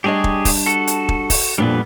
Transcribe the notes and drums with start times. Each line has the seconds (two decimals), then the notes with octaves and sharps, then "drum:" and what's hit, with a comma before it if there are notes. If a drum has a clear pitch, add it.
0.04 G3 D4 G4 G#4 C#5 D#5
0.24 drum: kick
0.45 drum: kick, open hi-hat
0.66 F#4 A4
0.87 drum: hi-hat
1.09 drum: kick
1.30 drum: kick, open hi-hat
1.58 F2 A#2 G3 B3 D4 B4